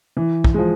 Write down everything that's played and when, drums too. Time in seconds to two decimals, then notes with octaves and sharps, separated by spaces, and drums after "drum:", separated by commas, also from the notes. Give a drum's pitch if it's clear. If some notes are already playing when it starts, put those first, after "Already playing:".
0.17 E3
0.44 drum: kick
0.54 G#3
0.58 F3